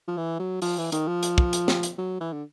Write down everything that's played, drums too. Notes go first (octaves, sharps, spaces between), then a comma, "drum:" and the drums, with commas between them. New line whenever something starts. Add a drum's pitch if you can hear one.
F3
E3
F#3
F3, drum: open hi-hat
E3
D#3, drum: hi-hat
F3
drum: hi-hat
drum: kick
drum: hi-hat
drum: snare
drum: hi-hat
F#3
E3
D3